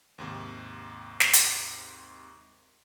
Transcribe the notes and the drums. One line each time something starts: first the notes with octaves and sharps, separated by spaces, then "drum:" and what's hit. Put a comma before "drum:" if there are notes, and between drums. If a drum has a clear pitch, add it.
D#2 G#2 C3
drum: snare
drum: hi-hat